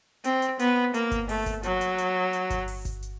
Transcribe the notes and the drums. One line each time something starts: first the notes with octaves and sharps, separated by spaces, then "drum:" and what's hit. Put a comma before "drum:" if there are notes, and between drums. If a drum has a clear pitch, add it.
C4, drum: hi-hat
drum: hi-hat
B3, drum: hi-hat
A#3, drum: hi-hat
drum: kick G1, hi-hat
A3, drum: open hi-hat
drum: kick G1, hi-hat
F#3, drum: hi-hat
drum: hi-hat
drum: hi-hat
drum: hi-hat
drum: kick G1, hi-hat
drum: open hi-hat
drum: kick G1, hi-hat
drum: hi-hat